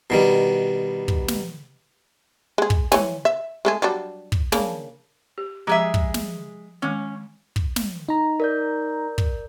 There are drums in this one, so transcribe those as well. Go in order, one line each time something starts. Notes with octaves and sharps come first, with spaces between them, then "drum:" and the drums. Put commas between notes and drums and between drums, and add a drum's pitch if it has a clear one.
B2 D#3 G3
drum: kick
drum: snare
G#3 G#4
drum: kick
E3 C#5 G#5, drum: snare
E5
G#3 A3 G#4
F#3 G3 D4
drum: kick
C#3 A#3 D4, drum: snare
G4
F3 G#3 G4 G#4 E5 A#5
drum: kick
drum: snare
D#3 G#3 C#4
drum: kick
drum: snare
D#4 A#5
A#4 D5 G6
drum: kick